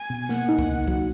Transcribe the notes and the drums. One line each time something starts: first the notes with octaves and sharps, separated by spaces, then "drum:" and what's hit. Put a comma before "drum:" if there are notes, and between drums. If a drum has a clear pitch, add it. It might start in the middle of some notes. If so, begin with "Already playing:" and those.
Already playing: G#5
B2
A#3 F#5, drum: snare
D#4
drum: kick B1
C#2
F#3, drum: kick B1